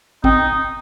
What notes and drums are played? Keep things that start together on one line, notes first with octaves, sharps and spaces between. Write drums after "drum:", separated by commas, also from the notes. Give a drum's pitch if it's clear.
C4 D#4, drum: kick G#1